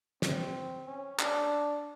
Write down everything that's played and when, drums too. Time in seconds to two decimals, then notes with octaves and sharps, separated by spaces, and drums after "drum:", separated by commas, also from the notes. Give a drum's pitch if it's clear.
0.22 C4, drum: snare
0.86 C#4
1.19 D4, drum: clap